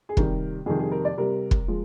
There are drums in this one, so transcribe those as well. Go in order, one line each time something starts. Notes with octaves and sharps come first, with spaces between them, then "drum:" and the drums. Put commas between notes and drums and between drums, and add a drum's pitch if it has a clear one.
G#4
C3 D#3 G3 A#4, drum: kick
F2 C3 D#3 G3 G#4
G#4
A#4
D5
C3 G3 A#4
drum: kick
F3 G#3